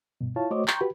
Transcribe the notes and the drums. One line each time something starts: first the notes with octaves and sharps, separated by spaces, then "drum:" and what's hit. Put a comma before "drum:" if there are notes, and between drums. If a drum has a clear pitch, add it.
G2 B2
E4 F4 C#5 F5 A5
A3 F#4 C5 C#5 D#5 D6
G5 A#5 C6 C#6 G6, drum: clap
F#4 G4 B4 B5